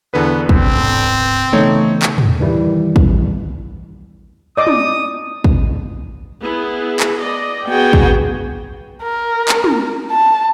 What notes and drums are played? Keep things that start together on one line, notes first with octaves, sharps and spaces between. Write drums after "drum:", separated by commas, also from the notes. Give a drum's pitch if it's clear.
E2 D3 B3 B4
D1 G#2 C3 C4, drum: kick
C#3 E3 A3 B3 D#4 C#5
drum: clap
drum: tom
D#3 E3 G3 E4
drum: kick
D5 D#5 D6 D#6
drum: tom
drum: kick
B3 E4 G#4
drum: clap
D5 D#5
B3 F#4 G#4 G5
drum: kick
A#4
drum: clap
drum: tom
A5